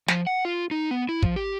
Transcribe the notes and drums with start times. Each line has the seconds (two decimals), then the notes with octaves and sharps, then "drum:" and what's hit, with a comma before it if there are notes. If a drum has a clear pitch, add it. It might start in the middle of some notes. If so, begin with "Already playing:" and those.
0.08 F3, drum: snare
0.27 F#5
0.45 F4
0.71 D#4
0.91 B3
1.09 E4
1.23 F3, drum: kick
1.36 G4